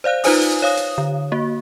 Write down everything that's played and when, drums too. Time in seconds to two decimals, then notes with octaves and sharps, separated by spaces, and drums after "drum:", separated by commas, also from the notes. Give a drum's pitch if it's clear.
0.04 C5 D5 F5 F#6
0.24 D#4 F4 B4 C5 G#5 D#6, drum: open hi-hat
0.41 drum: hi-hat
0.62 C#5 F5 D#6
0.77 drum: hi-hat
0.98 D3
1.32 A#3 F#4